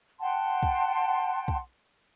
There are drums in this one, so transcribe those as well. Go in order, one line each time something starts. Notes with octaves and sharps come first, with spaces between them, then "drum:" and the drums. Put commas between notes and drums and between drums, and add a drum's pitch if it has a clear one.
F#5 G5 A5 C6
drum: kick
drum: kick